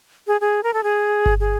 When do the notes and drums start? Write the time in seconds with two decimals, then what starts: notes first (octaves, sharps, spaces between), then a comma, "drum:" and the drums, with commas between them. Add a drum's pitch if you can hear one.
0.27 G#4
0.41 G#4
0.63 A#4
0.74 A4
0.83 G#4
1.26 drum: kick G1
1.40 G#4